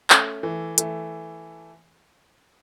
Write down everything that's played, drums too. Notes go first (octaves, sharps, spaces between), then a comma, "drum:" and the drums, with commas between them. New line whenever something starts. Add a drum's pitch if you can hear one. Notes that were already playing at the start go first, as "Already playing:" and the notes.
A3 C#4, drum: clap
E3 A3
E3 A3, drum: hi-hat